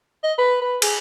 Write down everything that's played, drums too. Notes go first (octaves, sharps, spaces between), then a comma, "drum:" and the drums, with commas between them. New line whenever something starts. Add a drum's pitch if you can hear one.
D#5
B4
B4
G#4, drum: cymbal